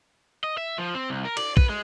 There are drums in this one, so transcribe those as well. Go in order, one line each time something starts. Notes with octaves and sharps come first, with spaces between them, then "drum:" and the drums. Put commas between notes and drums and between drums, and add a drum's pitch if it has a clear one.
D#5
E5
F3
C4
C2
A#4
D5, drum: cymbal
B4, drum: kick
G#3